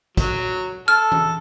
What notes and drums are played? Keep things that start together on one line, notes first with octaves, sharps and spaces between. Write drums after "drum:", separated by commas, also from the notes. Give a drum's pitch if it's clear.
F#3, drum: kick, hi-hat
A4 F6
drum: tom E3